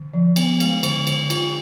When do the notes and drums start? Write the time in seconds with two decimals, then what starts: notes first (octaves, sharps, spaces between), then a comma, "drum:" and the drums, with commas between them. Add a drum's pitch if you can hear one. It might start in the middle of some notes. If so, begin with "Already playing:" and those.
Already playing: D3
0.13 F3
0.36 B3, drum: cymbal
0.60 G#3, drum: cymbal
0.83 D3, drum: cymbal
1.07 D3, drum: cymbal
1.30 F4, drum: cymbal